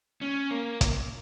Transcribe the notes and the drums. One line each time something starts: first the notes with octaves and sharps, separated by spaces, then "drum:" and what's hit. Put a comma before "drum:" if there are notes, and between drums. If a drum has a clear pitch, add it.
C#4
A#3
drum: kick, hi-hat